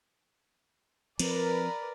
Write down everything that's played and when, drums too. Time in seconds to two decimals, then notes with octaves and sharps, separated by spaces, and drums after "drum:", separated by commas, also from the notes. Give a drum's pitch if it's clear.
1.19 F3 C4 A#4 B4 D5, drum: cymbal